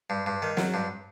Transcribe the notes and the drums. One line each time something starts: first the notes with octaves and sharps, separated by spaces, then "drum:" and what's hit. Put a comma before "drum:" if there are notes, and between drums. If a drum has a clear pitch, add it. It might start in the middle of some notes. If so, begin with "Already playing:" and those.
G2
G2
D#3
F#3, drum: snare
G2